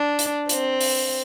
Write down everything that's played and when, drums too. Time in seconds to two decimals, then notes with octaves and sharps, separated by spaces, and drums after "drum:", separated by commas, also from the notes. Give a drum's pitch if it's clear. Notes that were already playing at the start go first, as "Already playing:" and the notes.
Already playing: D4
0.19 drum: hi-hat
0.49 C4, drum: hi-hat
0.81 drum: open hi-hat